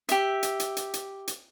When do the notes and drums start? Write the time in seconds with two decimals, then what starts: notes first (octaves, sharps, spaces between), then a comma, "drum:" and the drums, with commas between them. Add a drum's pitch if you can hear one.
0.09 G4 E5, drum: hi-hat
0.43 drum: hi-hat
0.60 drum: hi-hat
0.77 drum: hi-hat
0.94 drum: hi-hat
1.28 drum: hi-hat